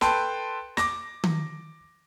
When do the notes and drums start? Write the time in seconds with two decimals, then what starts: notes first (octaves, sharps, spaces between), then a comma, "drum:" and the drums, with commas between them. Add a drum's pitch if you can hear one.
0.01 A4 B4 G5 A5 C6, drum: snare
0.77 D6 A#6, drum: snare
1.24 drum: tom D#3